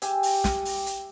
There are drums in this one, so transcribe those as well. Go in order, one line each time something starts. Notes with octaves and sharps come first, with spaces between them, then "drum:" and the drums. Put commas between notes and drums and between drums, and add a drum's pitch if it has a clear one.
G4 E5 G#5, drum: hi-hat
drum: open hi-hat
drum: snare
drum: open hi-hat
drum: hi-hat